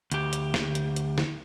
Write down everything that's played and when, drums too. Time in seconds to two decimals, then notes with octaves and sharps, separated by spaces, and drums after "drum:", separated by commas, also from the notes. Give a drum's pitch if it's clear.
0.12 D2 G4, drum: hi-hat
0.33 drum: hi-hat
0.54 drum: snare
0.75 drum: hi-hat
0.96 drum: hi-hat
1.18 drum: snare